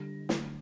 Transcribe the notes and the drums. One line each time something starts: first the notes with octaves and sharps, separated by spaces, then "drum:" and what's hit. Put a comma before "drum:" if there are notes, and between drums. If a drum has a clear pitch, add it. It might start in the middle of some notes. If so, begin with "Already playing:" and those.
Already playing: D3 G3 A#6
D3 F#3 A3, drum: snare